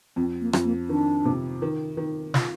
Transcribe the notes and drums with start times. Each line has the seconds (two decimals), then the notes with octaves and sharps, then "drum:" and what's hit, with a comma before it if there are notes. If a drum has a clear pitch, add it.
0.16 F2 C4
0.41 A#3
0.53 F2, drum: rim click
0.64 A#3
0.89 D#3 D4
1.25 C3
1.62 D#3
1.97 D#3
2.34 F4, drum: snare